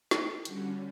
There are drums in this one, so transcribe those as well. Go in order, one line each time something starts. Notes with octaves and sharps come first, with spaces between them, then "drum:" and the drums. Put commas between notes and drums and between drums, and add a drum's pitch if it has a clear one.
G4, drum: snare
D3 G3 C#4 F#4, drum: hi-hat